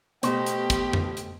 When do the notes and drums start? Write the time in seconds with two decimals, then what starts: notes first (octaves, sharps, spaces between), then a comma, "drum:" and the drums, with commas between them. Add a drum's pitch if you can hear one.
0.23 B2 A3 G4 C5, drum: hi-hat
0.46 drum: hi-hat
0.70 drum: kick, hi-hat
0.93 drum: tom F2
1.17 drum: hi-hat